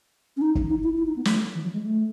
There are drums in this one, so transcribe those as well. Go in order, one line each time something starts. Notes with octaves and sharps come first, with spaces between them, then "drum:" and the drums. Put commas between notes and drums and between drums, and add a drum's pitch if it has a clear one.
C#4
D#4
drum: kick
D#4
E4
E4
D#4
B3
A3, drum: snare
E3
F#3
G#3
A3